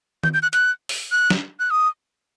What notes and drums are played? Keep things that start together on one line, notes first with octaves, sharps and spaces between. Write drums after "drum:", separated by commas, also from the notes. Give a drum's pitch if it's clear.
G6, drum: tom D#3
G6
F#6
F#6, drum: hi-hat
drum: open hi-hat
F#6
drum: snare
F#6
D#6